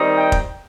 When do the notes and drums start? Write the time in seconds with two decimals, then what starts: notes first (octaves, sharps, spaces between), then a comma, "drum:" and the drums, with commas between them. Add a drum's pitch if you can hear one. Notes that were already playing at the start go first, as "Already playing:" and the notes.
Already playing: D#3 G3 C4 D#4
0.17 G5
0.32 drum: kick F1